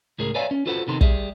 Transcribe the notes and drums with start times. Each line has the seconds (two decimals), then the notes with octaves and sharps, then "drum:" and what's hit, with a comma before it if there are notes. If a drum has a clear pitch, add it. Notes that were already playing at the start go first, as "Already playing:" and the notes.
0.19 C#2 A2 G#4 A#4
0.35 B4 C#5 D5 E5 F5 G#5
0.51 C#4
0.66 F4 F#4 A4 B4 C5 F#5
0.88 C3 D#3 B3 D#4 A4 C6
1.01 G3 G#4 E5, drum: kick